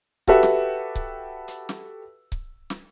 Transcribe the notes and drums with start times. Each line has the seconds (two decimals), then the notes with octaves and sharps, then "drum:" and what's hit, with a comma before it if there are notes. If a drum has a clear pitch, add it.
0.27 F#4 G4 A4 B4 E5 F#5, drum: kick C#1
0.43 drum: snare
0.95 drum: kick C#1
1.48 drum: hi-hat
1.69 drum: snare
2.32 drum: kick C#1
2.70 drum: snare